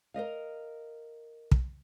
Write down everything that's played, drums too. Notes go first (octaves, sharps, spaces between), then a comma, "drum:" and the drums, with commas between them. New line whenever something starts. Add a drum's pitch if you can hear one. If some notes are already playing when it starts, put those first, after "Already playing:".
A#4 B4 D#5 F5
drum: kick